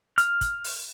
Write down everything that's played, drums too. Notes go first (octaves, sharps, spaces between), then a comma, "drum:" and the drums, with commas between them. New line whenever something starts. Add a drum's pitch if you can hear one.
F6, drum: hi-hat
drum: kick, hi-hat
drum: open hi-hat